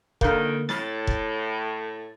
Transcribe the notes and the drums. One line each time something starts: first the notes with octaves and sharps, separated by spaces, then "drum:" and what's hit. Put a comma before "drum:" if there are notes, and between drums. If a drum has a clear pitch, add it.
F2 D3 D#3 A#3, drum: kick F1
A2 A6, drum: snare
drum: kick F1